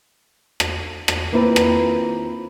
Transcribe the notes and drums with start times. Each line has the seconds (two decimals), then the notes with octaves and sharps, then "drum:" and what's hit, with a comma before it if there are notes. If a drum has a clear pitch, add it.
0.60 drum: rim click
1.08 drum: rim click
1.32 D#2 A#3 C4 E4 F4 B4
1.56 drum: rim click